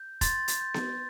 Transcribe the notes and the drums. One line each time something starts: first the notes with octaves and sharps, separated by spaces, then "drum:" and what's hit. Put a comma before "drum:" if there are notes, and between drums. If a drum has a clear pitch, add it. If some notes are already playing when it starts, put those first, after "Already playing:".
Already playing: G6
C6 A6, drum: kick, hi-hat
drum: hi-hat
G6
drum: snare B3